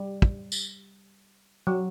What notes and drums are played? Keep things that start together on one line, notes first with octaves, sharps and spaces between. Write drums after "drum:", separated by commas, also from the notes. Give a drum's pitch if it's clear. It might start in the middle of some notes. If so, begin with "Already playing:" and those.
Already playing: G3
drum: kick
drum: tambourine
F#3